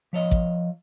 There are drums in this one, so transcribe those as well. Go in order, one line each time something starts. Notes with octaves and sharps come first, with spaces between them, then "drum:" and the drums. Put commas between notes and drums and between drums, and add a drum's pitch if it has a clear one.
F3 C#5 D#5
drum: kick A1